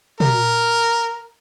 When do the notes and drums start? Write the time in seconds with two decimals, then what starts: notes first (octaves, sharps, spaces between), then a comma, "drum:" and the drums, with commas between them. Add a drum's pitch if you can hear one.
0.20 A#4, drum: tom